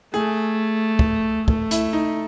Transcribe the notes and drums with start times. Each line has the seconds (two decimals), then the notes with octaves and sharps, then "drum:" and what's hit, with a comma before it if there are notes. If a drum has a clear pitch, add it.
0.14 A3 G#4
0.99 drum: kick
1.48 A3, drum: kick
1.71 E4, drum: hi-hat
1.93 D#4